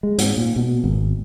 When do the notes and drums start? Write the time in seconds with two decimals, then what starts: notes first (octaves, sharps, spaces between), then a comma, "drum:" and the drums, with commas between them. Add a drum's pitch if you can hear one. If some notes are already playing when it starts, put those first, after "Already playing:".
0.03 G#3
0.18 G#2, drum: hi-hat
0.37 A#2
0.56 B2
0.84 G#1